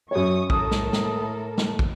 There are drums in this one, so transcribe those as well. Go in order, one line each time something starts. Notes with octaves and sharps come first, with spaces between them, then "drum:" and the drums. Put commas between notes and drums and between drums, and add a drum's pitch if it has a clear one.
F#2 C#5 C#6 D#6
A2 A4 A#4 D#6, drum: kick
drum: snare
drum: snare
drum: snare
drum: kick